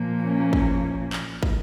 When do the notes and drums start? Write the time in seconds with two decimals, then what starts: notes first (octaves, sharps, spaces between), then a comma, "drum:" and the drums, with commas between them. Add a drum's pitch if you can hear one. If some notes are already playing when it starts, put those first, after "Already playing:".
Already playing: A#2 F3 A#3
0.22 C#4
0.53 drum: kick
1.13 drum: clap
1.43 drum: kick